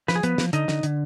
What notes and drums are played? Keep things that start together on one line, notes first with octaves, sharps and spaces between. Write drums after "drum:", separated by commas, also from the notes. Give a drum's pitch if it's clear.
F3 B4, drum: snare
G#4
F3 B3 B4, drum: hi-hat
F3, drum: snare
D3 D#4 D#5, drum: hi-hat
D3, drum: snare
D3, drum: hi-hat